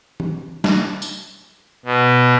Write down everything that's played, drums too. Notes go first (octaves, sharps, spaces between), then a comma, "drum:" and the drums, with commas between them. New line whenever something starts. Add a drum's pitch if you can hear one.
drum: tom E3
drum: snare
drum: tambourine
B2